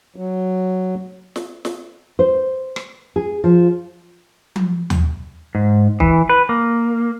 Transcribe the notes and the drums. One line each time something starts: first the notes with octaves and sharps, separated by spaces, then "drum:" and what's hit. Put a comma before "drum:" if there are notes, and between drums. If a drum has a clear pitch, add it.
F#3
drum: snare
drum: snare
C5
drum: rim click
G#4
F3
drum: tom F3
drum: tom D#2
G#2
E3, drum: kick
B4
A#3